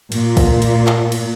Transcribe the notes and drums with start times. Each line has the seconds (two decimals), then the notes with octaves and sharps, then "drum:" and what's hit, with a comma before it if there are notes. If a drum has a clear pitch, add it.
0.12 A#2, drum: cymbal
0.37 drum: kick, cymbal
0.62 drum: cymbal
0.87 drum: clap
1.12 drum: cymbal